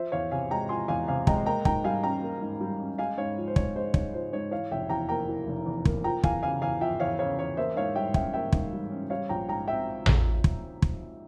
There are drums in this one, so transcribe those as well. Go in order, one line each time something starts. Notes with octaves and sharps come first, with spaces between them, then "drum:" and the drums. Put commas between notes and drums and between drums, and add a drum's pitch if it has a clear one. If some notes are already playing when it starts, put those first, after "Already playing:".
Already playing: F3 C5 E5
E2 C#5 F5
C3 F5 G#5
G#3 G5 A#5
F3 G#5 C6
E2 F5 G#5
C3 F5 G#5
G#3 G5 A#5, drum: kick
A#3 G5 A#5
G#2 G5 A#5, drum: kick
G3 F5 G#5
C#4 G5 A#5
A#3
G#2
G3
C#4
G#3 F5 G#5
G#2 C#5 F5
F3
C5
G#2 C#5, drum: kick
G#3 C5
G#2 C#5, drum: kick
F3 C5
G#2 C#5
E3 C#5 F5
F1 E5 G5
E2 G5 A#5
A#3 G5 A#5
E3
F1
E2
A#3, drum: kick
F3 G5 A#5
E2 F5 G#5, drum: kick
C#3 F5 G#5
E2 F5 G#5
F3 E5 G5
E2 C#5 F5
C#3 C#5 F5
E2 C#5
A#3 C5 E5
G#2 C#5 F5
G3 E5 G5
C#4 E5 G5, drum: kick
A#3 E5 G5
G#2, drum: kick
G3
C#4
G3 C#5 F5
A#1 G5 A#5
G#2 G5 A#5
C4 E5 G5
drum: tom A1
drum: kick
drum: kick